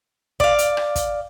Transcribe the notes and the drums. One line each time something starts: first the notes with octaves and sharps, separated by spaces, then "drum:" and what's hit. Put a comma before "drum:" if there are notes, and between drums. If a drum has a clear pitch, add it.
D5 F5, drum: kick
drum: hi-hat
drum: rim click
drum: kick, hi-hat